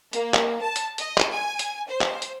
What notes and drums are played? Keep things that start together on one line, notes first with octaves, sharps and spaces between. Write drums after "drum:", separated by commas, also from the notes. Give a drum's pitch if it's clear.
A#3, drum: hi-hat
drum: clap
A5
drum: hi-hat
D#5, drum: hi-hat
drum: clap
G#5
drum: hi-hat
C5
drum: clap
drum: hi-hat